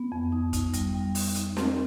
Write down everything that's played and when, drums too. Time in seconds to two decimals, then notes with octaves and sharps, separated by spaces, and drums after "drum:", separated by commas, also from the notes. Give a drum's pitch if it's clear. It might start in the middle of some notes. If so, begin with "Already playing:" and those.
Already playing: B3
0.12 F2
0.32 D#4
0.53 D#4, drum: kick, hi-hat
0.73 G3, drum: hi-hat
0.94 G3
1.15 D#4, drum: open hi-hat
1.35 D#4, drum: hi-hat
1.57 C4, drum: snare